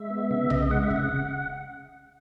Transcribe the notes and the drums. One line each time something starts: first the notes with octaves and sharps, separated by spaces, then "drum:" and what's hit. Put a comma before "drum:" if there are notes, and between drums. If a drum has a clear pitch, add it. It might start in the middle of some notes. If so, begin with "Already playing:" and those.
Already playing: G#3 E5
B3
C#3 E5
C#3 D#5, drum: tom B1
G#3 F#5
E5
C#3, drum: kick
F#5